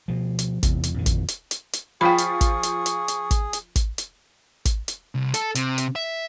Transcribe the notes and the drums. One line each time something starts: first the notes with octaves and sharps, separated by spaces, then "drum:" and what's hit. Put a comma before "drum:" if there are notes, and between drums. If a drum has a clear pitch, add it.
B2 F3
drum: hi-hat
E2 C3, drum: kick, hi-hat
drum: hi-hat
F2 A#2 D#3
drum: kick, hi-hat
drum: hi-hat
drum: hi-hat
drum: hi-hat
F3 F4 G#4 G5 B5 C#6 B6
drum: hi-hat
drum: kick, hi-hat
drum: hi-hat
drum: hi-hat
drum: hi-hat
drum: kick, hi-hat
drum: hi-hat
drum: kick, hi-hat
drum: hi-hat
drum: kick, hi-hat
drum: hi-hat
C2
A4, drum: hi-hat
C3, drum: hi-hat
drum: hi-hat
E5